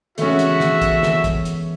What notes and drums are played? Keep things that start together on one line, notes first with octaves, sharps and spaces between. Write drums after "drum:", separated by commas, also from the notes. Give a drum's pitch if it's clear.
E3 G#3 A3 B3 C#4 F#4 E5, drum: hi-hat
drum: hi-hat
drum: snare
drum: kick, hi-hat
drum: snare
drum: kick, hi-hat
drum: hi-hat